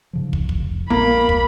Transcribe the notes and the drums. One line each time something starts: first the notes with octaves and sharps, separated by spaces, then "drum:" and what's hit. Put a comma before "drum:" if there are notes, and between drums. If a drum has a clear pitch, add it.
G#2 C#3 F3
drum: kick
F1, drum: kick
A#1 A#3 B5
drum: kick